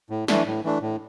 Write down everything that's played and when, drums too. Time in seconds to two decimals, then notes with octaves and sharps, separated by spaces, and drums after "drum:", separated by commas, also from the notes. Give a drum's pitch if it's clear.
0.10 A2
0.28 E3 A3 D4, drum: snare
0.46 A2
0.64 E3 A3 D4
0.82 A2